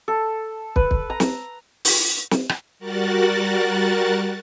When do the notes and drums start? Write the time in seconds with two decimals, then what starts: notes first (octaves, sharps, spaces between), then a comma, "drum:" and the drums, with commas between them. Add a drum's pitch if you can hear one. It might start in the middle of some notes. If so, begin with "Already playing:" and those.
0.08 A4
0.76 B4, drum: kick
0.91 drum: kick
1.10 A#5
1.20 drum: snare
1.85 drum: open hi-hat
2.31 drum: snare
2.49 drum: rim click
2.79 G3 F#4 A#4 F#6 A6